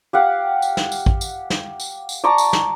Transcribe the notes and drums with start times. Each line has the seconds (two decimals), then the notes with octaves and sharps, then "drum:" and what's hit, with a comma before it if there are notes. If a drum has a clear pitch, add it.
0.13 G4 F5 F#5
0.62 drum: tambourine
0.77 drum: snare
0.92 drum: tambourine
1.06 drum: kick A1
1.21 drum: tambourine
1.50 drum: snare
1.80 drum: tambourine
2.09 drum: tambourine
2.24 D5 A5 A#5 C#6
2.38 drum: tambourine
2.53 drum: snare